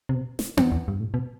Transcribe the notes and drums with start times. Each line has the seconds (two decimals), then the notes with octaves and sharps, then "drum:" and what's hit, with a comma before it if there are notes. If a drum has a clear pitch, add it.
0.09 C3
0.15 B2
0.39 drum: snare
0.57 G2, drum: tom B3
0.72 E2
0.88 G2
1.00 A2
1.14 B2